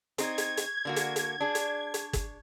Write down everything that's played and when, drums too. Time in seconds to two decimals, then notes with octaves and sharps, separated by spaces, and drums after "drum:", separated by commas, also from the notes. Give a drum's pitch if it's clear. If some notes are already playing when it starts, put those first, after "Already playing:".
0.18 C4 D#4 G#6, drum: hi-hat
0.38 drum: hi-hat
0.57 drum: hi-hat
0.85 D3 A#3 F#4
0.96 drum: hi-hat
1.16 drum: hi-hat
1.40 D4 G#4
1.55 drum: hi-hat
1.94 drum: hi-hat
2.13 drum: kick, hi-hat